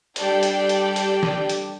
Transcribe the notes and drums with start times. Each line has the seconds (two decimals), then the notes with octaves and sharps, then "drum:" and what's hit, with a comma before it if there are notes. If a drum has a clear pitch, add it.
0.16 G3 D4 G4 A4 D5 G5, drum: hi-hat
0.43 drum: hi-hat
0.69 drum: hi-hat
0.96 drum: hi-hat
1.23 drum: snare
1.49 drum: hi-hat